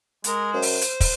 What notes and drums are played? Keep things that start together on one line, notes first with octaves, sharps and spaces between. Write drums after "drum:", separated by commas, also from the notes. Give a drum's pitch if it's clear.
G#3 A#4, drum: hi-hat
F#2 C5
drum: open hi-hat
drum: hi-hat
drum: kick, open hi-hat